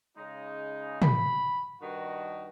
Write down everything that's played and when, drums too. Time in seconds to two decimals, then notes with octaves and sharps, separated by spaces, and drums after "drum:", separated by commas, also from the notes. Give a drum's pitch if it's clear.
0.17 C#3 G#3 D#4
1.02 B5, drum: tom
1.81 G2 D#3 F#4